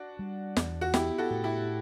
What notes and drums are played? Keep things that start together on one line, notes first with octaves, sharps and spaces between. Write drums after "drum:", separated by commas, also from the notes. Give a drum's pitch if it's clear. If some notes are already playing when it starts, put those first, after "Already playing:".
Already playing: D4 F#4
G3
E2, drum: snare
F#4
B3 E4 G4, drum: snare
F#4 A4
A2
E4 G4